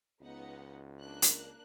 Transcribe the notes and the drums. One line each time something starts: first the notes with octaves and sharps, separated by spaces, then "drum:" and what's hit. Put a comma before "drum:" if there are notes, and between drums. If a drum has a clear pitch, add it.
C#2 B3 D#4 F#5
A#3 D4 F#6
drum: hi-hat